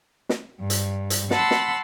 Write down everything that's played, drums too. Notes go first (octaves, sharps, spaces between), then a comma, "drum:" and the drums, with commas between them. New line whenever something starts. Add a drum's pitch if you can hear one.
drum: snare
G2
drum: hi-hat
drum: hi-hat
F#5 A5 B5 C6 E6, drum: snare
drum: snare